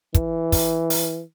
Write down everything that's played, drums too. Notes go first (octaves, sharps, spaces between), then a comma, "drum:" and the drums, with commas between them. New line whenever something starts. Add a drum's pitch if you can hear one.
E3, drum: kick, hi-hat
drum: kick, open hi-hat
drum: open hi-hat